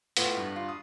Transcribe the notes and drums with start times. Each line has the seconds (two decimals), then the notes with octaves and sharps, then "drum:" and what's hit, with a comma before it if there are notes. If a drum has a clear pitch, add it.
0.17 A2 B3 F4, drum: hi-hat
0.37 G2
0.56 F4
0.69 D#6